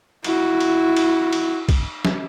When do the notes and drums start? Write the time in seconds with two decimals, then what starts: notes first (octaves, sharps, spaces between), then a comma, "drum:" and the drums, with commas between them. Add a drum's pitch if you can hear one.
0.24 E4 F#4, drum: cymbal
0.60 drum: cymbal
0.97 drum: cymbal
1.33 drum: cymbal
1.69 drum: kick, cymbal
2.05 drum: snare